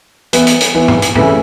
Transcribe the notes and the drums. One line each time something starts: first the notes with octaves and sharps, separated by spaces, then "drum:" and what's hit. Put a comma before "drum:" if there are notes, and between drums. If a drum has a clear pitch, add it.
E3 B3 E4 B4, drum: hi-hat
drum: hi-hat
drum: hi-hat
E3 B3 E4 B4
drum: tom
drum: hi-hat
C#3 E3 A3 E4 B4, drum: tom